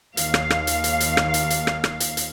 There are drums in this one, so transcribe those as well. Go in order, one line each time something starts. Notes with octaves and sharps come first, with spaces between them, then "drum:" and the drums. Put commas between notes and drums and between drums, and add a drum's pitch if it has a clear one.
D#2 F5, drum: hi-hat
drum: rim click
drum: rim click
drum: hi-hat
drum: hi-hat
drum: hi-hat
drum: rim click
drum: hi-hat
drum: hi-hat
drum: rim click
drum: rim click
drum: hi-hat
drum: hi-hat